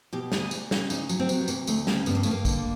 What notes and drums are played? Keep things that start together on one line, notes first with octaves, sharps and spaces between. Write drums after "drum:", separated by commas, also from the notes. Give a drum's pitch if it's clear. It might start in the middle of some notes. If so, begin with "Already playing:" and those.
B2 G4
D2 G#4, drum: snare
D2, drum: tambourine
C#3, drum: snare
D2 D#4, drum: tambourine
F#3, drum: tambourine
C4
C3, drum: tambourine
B3
D2 A#3, drum: tambourine
D2 A3, drum: tambourine
C#3 A#3, drum: snare
G2 B3, drum: tambourine
A#3
G2 A3, drum: tambourine
A#3
D3, drum: kick, tambourine